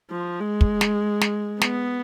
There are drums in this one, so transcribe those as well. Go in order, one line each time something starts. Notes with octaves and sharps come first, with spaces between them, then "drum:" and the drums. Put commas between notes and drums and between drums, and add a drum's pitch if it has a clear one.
F3
G#3
drum: kick
drum: snare
drum: snare
B3, drum: snare